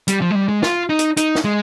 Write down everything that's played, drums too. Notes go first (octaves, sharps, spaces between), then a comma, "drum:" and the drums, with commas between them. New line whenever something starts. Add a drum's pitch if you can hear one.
G3, drum: hi-hat
F3
G#3
G3
G#3
F4, drum: snare
D#4
drum: hi-hat
D#4, drum: hi-hat
drum: snare
G#3